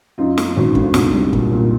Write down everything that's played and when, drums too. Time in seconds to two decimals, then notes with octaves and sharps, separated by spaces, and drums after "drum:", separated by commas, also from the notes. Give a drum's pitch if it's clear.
0.18 F#2 D#4 F4
0.38 F#2, drum: snare
0.56 G#1
0.75 D3, drum: kick
0.94 C2, drum: snare
1.13 G3
1.33 A#2, drum: kick
1.52 A#2